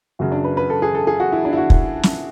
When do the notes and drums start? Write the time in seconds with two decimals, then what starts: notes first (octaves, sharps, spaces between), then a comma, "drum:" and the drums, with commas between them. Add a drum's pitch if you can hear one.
0.19 F#2 C#3 F#3 F#4
0.32 D4
0.44 B4
0.57 B4
0.70 A4
0.82 G#4
0.95 A4
1.07 G#4
1.20 F#4
1.32 E4
1.45 D4
1.53 E4
1.57 F#4
1.70 drum: kick
2.03 drum: snare